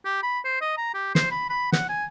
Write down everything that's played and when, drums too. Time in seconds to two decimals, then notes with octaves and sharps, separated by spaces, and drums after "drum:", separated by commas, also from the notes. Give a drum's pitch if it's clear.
0.05 G4
0.23 B5
0.45 C5
0.61 D#5
0.78 A#5
0.94 G4
1.15 C5, drum: snare
1.31 B5
1.50 B5
1.72 F#5, drum: snare
1.89 G#5